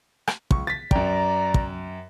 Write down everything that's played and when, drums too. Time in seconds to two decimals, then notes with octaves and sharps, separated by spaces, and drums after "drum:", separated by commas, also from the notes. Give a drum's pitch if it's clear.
0.27 drum: rim click
0.51 C#2 C#6, drum: kick
0.67 A6 B6
0.91 F#2 D5 G5 A#5, drum: kick
1.54 drum: kick